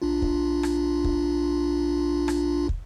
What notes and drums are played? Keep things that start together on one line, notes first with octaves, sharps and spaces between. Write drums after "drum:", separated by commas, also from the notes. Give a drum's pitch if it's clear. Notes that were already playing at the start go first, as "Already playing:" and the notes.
B1 D4 F4
drum: kick
drum: rim click
drum: kick
drum: rim click
drum: kick